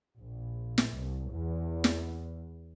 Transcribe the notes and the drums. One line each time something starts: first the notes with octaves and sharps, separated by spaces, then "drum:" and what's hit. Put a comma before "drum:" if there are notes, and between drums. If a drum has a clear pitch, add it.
A#1
drum: snare
C2
E2
drum: snare